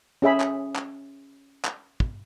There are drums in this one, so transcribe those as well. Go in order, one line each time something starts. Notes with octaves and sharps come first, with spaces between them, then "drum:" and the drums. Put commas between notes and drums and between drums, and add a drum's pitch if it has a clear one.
C#4 G#4 E5 B5
drum: clap
drum: clap
drum: clap
drum: kick